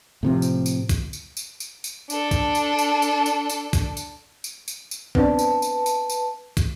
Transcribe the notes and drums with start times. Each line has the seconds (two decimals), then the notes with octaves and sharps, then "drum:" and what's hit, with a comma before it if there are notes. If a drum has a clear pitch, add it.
0.23 A2 C3 F3
0.42 drum: tambourine
0.66 drum: tambourine
0.89 drum: kick, tambourine
1.13 drum: tambourine
1.37 drum: tambourine
1.60 drum: tambourine
1.84 drum: tambourine
2.10 D4 A4, drum: tambourine
2.31 drum: kick, tambourine
2.55 drum: tambourine
2.79 drum: tambourine
3.02 drum: tambourine
3.26 drum: tambourine
3.50 drum: tambourine
3.73 drum: kick, tambourine
3.97 drum: tambourine
4.44 drum: tambourine
4.68 drum: tambourine
4.91 drum: tambourine
5.15 B3 C4 D4 B4 A5, drum: kick
5.39 drum: tambourine
5.62 drum: tambourine
5.86 drum: tambourine
6.10 drum: tambourine
6.57 drum: kick, tambourine